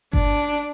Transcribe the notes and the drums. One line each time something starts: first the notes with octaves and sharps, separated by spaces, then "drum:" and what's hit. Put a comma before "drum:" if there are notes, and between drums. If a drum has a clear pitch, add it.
D4, drum: kick G1